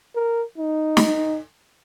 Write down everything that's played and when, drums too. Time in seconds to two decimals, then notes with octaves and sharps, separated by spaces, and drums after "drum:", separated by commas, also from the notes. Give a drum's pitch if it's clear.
0.15 A#4
0.58 D#4
0.97 drum: snare